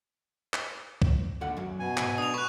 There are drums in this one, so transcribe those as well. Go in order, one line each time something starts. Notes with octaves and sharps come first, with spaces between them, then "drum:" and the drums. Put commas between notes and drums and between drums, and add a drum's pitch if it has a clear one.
drum: clap
drum: kick
D#2 D3 F#5
F#2 F#3
B2 G#5
C2 G#2 B4, drum: clap
D4 D#6 F7
B4 C#6 F#6